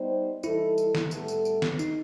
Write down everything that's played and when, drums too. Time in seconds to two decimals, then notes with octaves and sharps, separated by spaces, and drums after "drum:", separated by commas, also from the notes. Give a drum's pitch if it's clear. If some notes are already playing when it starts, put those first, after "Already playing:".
Already playing: G3 B3 D#4 G4 C5
0.43 E3 G3 D#4 E4 A4, drum: tambourine
0.78 drum: tambourine
0.95 drum: snare
1.11 A2 G3 B3 E4 A4, drum: tambourine
1.28 drum: tambourine
1.45 drum: tambourine
1.62 drum: snare
1.79 D#4, drum: tambourine